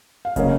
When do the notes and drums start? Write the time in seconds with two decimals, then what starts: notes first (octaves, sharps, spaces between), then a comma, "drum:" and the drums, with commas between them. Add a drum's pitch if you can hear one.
0.25 F5
0.36 C#3 F#3 A#3 C#4 D#5, drum: kick, hi-hat